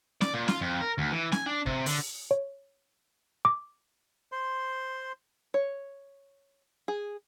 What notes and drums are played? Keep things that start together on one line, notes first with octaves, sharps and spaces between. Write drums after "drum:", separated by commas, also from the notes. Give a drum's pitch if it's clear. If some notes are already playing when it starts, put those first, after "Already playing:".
D5, drum: snare
A#2
F4, drum: snare
F2
A#4
D2
E3
G#5, drum: snare
D4
C3, drum: kick
D3, drum: open hi-hat
C#5
D6
C5 C6
C#5
G#4